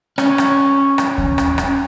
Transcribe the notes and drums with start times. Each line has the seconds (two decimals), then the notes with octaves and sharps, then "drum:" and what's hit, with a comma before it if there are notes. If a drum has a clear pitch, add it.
0.18 C#4, drum: rim click
0.38 drum: rim click
0.98 drum: rim click
1.18 drum: kick D#2
1.38 drum: rim click
1.58 drum: rim click